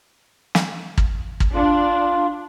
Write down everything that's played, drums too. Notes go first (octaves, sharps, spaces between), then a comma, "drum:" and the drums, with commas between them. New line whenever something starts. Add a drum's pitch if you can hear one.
drum: snare
drum: kick
drum: kick
D4 F4